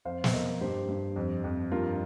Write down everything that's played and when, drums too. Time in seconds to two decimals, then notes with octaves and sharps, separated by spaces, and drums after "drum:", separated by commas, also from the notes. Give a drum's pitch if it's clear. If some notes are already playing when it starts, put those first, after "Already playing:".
0.05 F2 C5 F5
0.24 drum: snare
0.33 F2 A#4 D#5
0.61 G2 G4 C5
0.88 G2
1.16 F2
1.44 F2
1.72 G2 F4 A#4